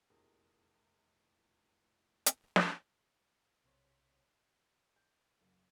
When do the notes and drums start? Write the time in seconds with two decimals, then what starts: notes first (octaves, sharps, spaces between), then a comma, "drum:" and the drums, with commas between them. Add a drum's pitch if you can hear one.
0.10 F1 A#1 E2 G4 G#4 A#4
2.26 drum: hi-hat
2.56 drum: snare
3.64 B1 C3 C5 C#5 C6 B6
4.96 G6
5.41 F#1